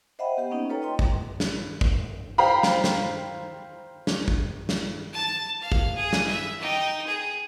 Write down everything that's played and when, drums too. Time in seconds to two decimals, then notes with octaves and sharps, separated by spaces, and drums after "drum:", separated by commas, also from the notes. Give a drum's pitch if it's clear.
0.19 C5 D#5 E5 F#5 G5 B5
0.37 B3 G4 D#5 F#5
0.51 A#3 C#4 D#4
0.69 F4 A4 B4 C#5 G5 A#5
0.82 D#5 G5 C6
0.99 drum: kick
1.40 drum: snare
1.81 drum: kick
2.38 C5 F5 G5 A#5 B5
2.63 drum: snare
2.84 drum: snare
4.07 drum: snare
4.28 drum: kick
4.69 drum: snare
5.13 A5
5.62 F5
5.72 drum: kick
5.96 G#4
6.13 drum: snare
6.26 E5
6.59 D#4 G5
7.07 G#4